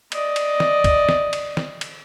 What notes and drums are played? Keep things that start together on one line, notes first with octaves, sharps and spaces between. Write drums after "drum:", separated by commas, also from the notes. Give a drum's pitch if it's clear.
D5 D#5, drum: cymbal
drum: cymbal
drum: snare
drum: kick, cymbal
drum: snare
drum: cymbal
drum: snare
drum: cymbal